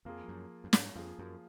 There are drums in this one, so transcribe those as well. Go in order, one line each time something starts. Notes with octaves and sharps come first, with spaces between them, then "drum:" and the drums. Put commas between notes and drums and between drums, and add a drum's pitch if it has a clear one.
F2 F3 A#3 F4 G#4
F#2
F#2
G#2, drum: snare
F2 F3 A#3 F4 G#4
F#2